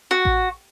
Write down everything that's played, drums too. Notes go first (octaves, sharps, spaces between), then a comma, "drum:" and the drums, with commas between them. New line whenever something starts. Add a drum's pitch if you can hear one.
F#4
drum: kick A1